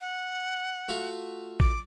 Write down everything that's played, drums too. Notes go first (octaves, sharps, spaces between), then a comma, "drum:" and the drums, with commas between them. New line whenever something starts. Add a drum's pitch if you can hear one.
F#5
A3 F4 F#4
D6, drum: kick